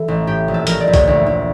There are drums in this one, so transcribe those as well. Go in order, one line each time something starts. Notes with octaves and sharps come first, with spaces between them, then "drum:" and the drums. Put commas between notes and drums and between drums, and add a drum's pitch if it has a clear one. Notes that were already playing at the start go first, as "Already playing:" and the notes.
Already playing: E3 A4
A1
A2 G4
A#1
A4
A#1 A#4, drum: hi-hat
D5
A#1
C#5, drum: kick, hi-hat
D2
D2